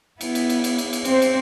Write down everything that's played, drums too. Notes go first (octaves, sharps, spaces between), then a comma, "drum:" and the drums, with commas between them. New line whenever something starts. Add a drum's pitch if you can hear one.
B3 E4, drum: cymbal
drum: cymbal
drum: cymbal
drum: cymbal
drum: cymbal
drum: cymbal
C4 C5, drum: cymbal
drum: cymbal